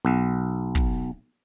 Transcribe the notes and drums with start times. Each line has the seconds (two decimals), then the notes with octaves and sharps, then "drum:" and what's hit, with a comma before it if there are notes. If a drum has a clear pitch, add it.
0.05 B1
0.75 drum: kick